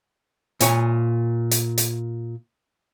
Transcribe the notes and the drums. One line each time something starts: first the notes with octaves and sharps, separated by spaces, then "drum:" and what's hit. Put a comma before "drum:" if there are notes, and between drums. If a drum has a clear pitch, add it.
A#2 C#5 G#5, drum: hi-hat
drum: hi-hat
drum: hi-hat